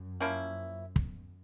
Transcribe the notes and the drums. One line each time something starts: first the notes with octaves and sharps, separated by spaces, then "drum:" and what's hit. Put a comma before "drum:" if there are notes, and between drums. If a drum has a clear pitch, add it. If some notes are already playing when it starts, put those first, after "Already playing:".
Already playing: F#2
F3 A#3 C#4 E4
drum: kick